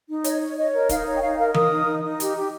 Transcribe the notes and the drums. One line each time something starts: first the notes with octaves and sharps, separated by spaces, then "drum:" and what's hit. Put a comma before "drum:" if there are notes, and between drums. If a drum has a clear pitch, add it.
D#4
C#5 D#5, drum: hi-hat
C#5
C#5 D#5
A#4
D#4 F5, drum: kick, hi-hat
C#5
G5
D#4 F5
A#4 F5
A#4 D#6, drum: tom E3
D#4
D#4
D#4
G4, drum: hi-hat
G4